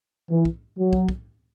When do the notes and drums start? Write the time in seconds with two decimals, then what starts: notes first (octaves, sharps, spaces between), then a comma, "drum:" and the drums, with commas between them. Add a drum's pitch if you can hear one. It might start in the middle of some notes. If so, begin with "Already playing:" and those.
0.30 E3
0.45 drum: kick
0.77 F#3
0.93 drum: kick
1.09 drum: kick